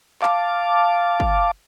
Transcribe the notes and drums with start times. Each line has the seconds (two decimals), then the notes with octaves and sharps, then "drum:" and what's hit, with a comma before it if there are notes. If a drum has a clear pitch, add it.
0.22 F5 A5 D6, drum: clap
1.20 drum: kick